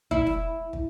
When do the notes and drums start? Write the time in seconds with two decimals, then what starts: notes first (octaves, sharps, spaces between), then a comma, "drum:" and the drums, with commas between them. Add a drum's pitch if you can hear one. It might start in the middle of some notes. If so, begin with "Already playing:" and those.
0.11 E4, drum: kick
0.26 drum: snare
0.73 drum: kick